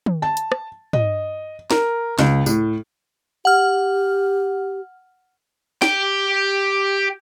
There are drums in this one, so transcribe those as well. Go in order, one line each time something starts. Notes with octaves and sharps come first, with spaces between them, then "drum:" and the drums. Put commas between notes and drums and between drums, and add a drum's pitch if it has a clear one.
drum: tom
A5
drum: hi-hat
drum: rim click
D#5, drum: tom
A#4, drum: snare
C#2, drum: snare
A2, drum: tambourine
G4 F#5 F6
G4 G5, drum: snare